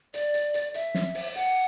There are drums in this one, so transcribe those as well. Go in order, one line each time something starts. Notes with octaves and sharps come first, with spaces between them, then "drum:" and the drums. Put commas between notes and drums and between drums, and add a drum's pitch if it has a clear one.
D5, drum: hi-hat
drum: hi-hat
drum: hi-hat
E5, drum: hi-hat
drum: snare
drum: open hi-hat
F#5, drum: hi-hat